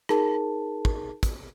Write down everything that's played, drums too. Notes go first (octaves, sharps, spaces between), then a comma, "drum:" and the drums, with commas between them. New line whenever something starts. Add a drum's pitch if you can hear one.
D#4 G#4 A#4 A5, drum: rim click
drum: kick
drum: kick, hi-hat